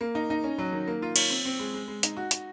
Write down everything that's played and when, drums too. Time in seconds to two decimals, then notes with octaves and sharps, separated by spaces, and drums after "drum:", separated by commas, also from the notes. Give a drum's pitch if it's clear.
0.01 A#3
0.15 D#4
0.30 D#4
0.44 C#4
0.58 F#3
0.72 D#3
0.88 A#3
1.02 F4
1.16 C#5, drum: cymbal
1.30 C4
1.45 C4
1.59 G#3
1.74 G#3
1.88 G#3
2.03 D#4, drum: hi-hat
2.17 F#4
2.31 F#4, drum: hi-hat